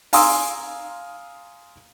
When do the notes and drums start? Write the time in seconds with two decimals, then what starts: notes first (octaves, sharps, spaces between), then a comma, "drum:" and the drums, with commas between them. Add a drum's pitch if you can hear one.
0.13 F5 G#5 A#5 C6 D#6 E6, drum: open hi-hat